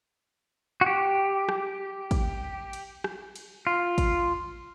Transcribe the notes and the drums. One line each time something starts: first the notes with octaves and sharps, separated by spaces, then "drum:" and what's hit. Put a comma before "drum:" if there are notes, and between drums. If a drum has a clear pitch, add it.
F#4
G4
drum: rim click
drum: kick, cymbal
drum: cymbal
drum: rim click
drum: cymbal
F4
drum: kick, cymbal